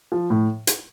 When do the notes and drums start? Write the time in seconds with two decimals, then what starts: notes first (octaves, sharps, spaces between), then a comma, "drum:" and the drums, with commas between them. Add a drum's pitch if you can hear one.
0.12 F3
0.30 A2
0.67 drum: hi-hat